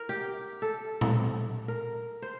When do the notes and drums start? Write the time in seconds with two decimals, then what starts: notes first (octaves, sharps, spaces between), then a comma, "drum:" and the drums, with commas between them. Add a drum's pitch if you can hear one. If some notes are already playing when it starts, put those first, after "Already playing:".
Already playing: A#4
0.09 G4
0.62 A4
1.01 drum: tom A#2
1.68 A#4
2.22 C5